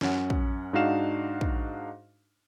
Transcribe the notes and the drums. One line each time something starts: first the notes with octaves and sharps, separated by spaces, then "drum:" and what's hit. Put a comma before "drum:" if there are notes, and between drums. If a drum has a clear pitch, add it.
F#2 C#4 F#5, drum: snare
drum: kick
G#2 D4 D#4 F#4 F5 E7
drum: kick